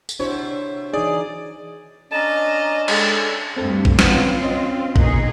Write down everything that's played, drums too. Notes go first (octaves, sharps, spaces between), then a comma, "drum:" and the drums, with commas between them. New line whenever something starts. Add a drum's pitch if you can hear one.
drum: tambourine
C3 D4 E4 F#4 C5 C#5
E3 D#4 G#4 D5
C#4 D4 D#5 A5 A#5
G#3 A4, drum: cymbal
D2 G2 C4 A4
drum: kick
C4 C#4 F4 B4 F#5, drum: snare
C#4 D#5
B2 A#3 D#4 G#4, drum: kick